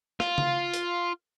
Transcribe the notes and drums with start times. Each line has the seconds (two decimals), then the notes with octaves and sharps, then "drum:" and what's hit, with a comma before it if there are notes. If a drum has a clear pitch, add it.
0.20 F4, drum: rim click
0.38 drum: tom C#3
0.74 drum: hi-hat